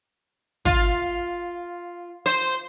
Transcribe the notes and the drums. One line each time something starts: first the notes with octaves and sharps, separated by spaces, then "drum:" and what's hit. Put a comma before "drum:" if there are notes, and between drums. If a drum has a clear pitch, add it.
F4, drum: kick
C5, drum: hi-hat